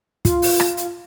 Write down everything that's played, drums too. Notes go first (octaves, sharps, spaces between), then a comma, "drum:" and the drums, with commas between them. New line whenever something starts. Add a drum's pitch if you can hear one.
F4, drum: kick, hi-hat
drum: open hi-hat
drum: rim click
drum: hi-hat